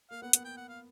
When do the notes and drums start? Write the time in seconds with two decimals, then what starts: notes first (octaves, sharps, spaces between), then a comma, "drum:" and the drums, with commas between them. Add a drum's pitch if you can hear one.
0.10 A#3 F5
0.22 B3 F#5
0.33 B3 F#5, drum: hi-hat
0.45 G5
0.57 F#5
0.69 F5